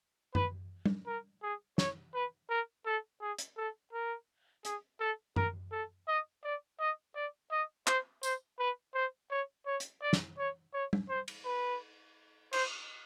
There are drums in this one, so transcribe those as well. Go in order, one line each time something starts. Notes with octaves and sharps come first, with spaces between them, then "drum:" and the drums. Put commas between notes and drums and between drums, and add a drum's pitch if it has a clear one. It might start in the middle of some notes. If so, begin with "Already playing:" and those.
B4, drum: tom F#2
drum: tom G3
A#4
G#4
C#5, drum: snare
B4
A#4
A4
G#4
drum: hi-hat
A4
A#4
G#4, drum: hi-hat
A4
A#4, drum: tom F#2
A4
D#5
D5
D#5
D5
D#5
C5, drum: clap
C5, drum: tambourine
B4
C5
C#5
C#5
drum: hi-hat
D5
drum: snare
C#5
C#5
drum: tom G3
C5
drum: cymbal
B4
C5, drum: cymbal